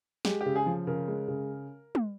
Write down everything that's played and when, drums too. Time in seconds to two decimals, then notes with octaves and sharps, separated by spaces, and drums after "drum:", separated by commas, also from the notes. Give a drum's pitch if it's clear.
0.25 G#3 G4, drum: snare
0.41 G4
0.46 C#3
0.56 G#4
0.66 F3
0.87 C#3 A#4
1.08 G#3
1.28 C#3
1.95 drum: tom